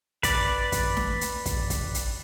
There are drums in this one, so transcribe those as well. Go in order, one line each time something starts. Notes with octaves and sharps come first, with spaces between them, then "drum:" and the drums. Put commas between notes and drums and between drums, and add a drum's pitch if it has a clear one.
B4 D5, drum: kick, hi-hat
drum: kick, hi-hat
drum: snare
drum: hi-hat
drum: kick, hi-hat
drum: kick, hi-hat
drum: hi-hat